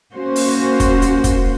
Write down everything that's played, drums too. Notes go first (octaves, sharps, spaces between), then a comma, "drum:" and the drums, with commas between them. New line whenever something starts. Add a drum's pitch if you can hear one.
A#3 C#4 F#4 C5
drum: open hi-hat
drum: kick, hi-hat
drum: hi-hat
drum: kick, hi-hat